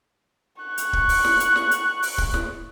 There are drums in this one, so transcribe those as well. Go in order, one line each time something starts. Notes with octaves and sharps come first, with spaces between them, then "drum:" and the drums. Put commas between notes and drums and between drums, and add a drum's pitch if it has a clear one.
C#6 F#6
drum: hi-hat
drum: kick
drum: open hi-hat
drum: snare
drum: hi-hat
drum: snare
drum: hi-hat
drum: open hi-hat
drum: kick
drum: snare